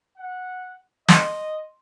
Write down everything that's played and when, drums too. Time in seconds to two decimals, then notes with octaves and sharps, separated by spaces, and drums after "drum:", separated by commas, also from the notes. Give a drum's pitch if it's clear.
0.18 F#5
1.09 D#5 C6, drum: snare